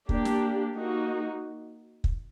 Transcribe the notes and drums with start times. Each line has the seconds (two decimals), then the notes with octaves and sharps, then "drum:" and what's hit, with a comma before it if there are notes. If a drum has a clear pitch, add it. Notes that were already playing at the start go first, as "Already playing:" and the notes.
0.09 A#3 D4 G4, drum: kick
0.25 drum: snare
0.74 A#3 D#4 F#4
2.04 drum: kick